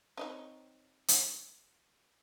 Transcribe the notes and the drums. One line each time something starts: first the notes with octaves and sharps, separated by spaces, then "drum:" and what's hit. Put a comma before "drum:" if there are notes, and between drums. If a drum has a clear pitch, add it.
C4 D#4 C#5
drum: hi-hat